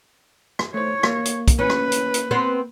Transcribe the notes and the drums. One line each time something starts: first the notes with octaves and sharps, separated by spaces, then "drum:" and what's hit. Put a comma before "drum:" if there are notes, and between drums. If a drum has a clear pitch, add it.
drum: rim click
A3 C5 C#5
A#3, drum: rim click
drum: hi-hat
drum: kick, hi-hat
C#4 B4
drum: rim click
drum: hi-hat
drum: hi-hat
B3 C4 C5